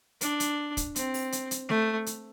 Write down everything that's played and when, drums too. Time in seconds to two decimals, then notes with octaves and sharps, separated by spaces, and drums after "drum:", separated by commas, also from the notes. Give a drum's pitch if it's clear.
0.21 D4, drum: hi-hat
0.40 drum: hi-hat
0.77 drum: kick, hi-hat
0.96 C4, drum: hi-hat
1.14 drum: open hi-hat
1.32 drum: hi-hat
1.51 drum: hi-hat
1.69 A3, drum: snare A3
2.06 drum: hi-hat